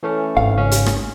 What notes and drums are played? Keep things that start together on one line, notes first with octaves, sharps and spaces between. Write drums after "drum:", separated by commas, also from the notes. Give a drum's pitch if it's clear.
E3 A3 C#4
G#1 F5
C#2 C#4
drum: hi-hat
drum: rim click